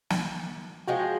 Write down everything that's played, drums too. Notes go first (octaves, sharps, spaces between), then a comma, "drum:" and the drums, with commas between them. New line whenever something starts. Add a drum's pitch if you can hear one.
drum: snare
F3 G#3 B3 F#4 G5